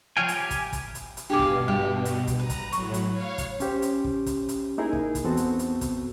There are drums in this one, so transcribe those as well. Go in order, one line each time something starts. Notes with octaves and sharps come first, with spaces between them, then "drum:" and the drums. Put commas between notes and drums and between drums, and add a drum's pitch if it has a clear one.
F3 C#5 F5 G5 G#5
drum: hi-hat
G4 G#5
drum: kick, hi-hat
drum: kick, hi-hat
drum: hi-hat
drum: hi-hat
G2 B2 D4 G4 G#4 F5 D6
drum: kick
G3 G4
drum: hi-hat
drum: kick, hi-hat
B4 A#5
drum: kick, hi-hat
A2 F#3 C#6, drum: hi-hat
drum: hi-hat
C#5 F5
drum: kick, hi-hat
C#4 G4 C5, drum: hi-hat
drum: hi-hat
drum: kick
drum: kick, hi-hat
drum: hi-hat
A#3 D#4 E4 G#4 A#4
drum: kick
drum: kick, hi-hat
E2 B3 C4 F#4 A4
drum: hi-hat
drum: hi-hat
drum: kick, hi-hat